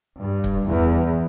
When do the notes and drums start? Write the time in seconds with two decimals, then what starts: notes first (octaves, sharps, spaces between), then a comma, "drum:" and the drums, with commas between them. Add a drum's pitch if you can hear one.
0.21 G2
0.44 drum: kick C#1
0.68 E2